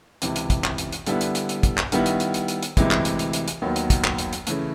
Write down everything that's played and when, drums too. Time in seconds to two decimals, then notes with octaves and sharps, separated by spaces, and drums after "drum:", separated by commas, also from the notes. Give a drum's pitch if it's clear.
0.22 C#2 C3 E3, drum: hi-hat
0.36 drum: hi-hat
0.50 drum: kick, hi-hat
0.64 drum: clap
0.78 drum: hi-hat
0.92 drum: hi-hat
1.07 D3 G3 B3 E4, drum: hi-hat
1.21 drum: hi-hat
1.35 drum: hi-hat
1.49 drum: hi-hat
1.63 drum: kick, hi-hat
1.77 drum: clap
1.92 D#3 G3 B3 E4, drum: hi-hat
2.06 drum: hi-hat
2.20 drum: hi-hat
2.34 drum: hi-hat
2.48 drum: hi-hat
2.63 drum: hi-hat
2.77 D2 C3 E3 G#3, drum: kick, hi-hat
2.91 drum: clap
3.05 drum: hi-hat
3.19 drum: hi-hat
3.33 drum: hi-hat
3.48 drum: hi-hat
3.62 D#2 D#3 F#3 B3
3.76 drum: hi-hat
3.90 drum: kick, hi-hat
4.04 drum: clap
4.18 drum: hi-hat
4.33 drum: hi-hat
4.47 C#3 E3 A3, drum: hi-hat